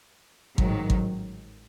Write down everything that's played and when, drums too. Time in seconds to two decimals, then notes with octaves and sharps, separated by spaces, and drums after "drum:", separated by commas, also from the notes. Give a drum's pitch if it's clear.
0.58 A1 G#2 D#3 F#3, drum: kick G#1
0.90 drum: kick G#1